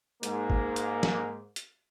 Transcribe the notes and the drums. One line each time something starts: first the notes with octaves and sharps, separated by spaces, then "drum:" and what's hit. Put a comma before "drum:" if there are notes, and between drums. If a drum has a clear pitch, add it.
G#2 A#3, drum: hi-hat
drum: kick
drum: hi-hat
drum: snare F#3
drum: hi-hat